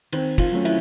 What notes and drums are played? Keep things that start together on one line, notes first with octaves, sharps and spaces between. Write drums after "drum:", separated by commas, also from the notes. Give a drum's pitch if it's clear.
D#3 C4, drum: cymbal
F4, drum: kick, cymbal
F#3 A3 C#4
E4, drum: cymbal